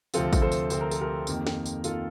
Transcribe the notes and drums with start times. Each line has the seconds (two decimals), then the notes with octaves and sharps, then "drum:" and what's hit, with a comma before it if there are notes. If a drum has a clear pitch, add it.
0.14 D2 C3 F3 C4 F4 A4, drum: tambourine
0.33 drum: kick, tambourine
0.42 A4 C5
0.52 drum: tambourine
0.70 D2 C3 F3 C4 C5, drum: tambourine
0.81 A#4
0.91 A4, drum: tambourine
1.01 G4 A#4
1.27 F2 D#3 A#3, drum: tambourine
1.47 drum: snare
1.66 drum: tambourine
1.84 D#3 A#3 F4 A4, drum: tambourine